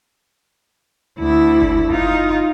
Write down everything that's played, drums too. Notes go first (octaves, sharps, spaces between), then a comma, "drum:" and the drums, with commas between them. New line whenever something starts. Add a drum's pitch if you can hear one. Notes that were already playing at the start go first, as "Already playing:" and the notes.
D2 E4
drum: kick F#1
D#4 F4, drum: kick F#1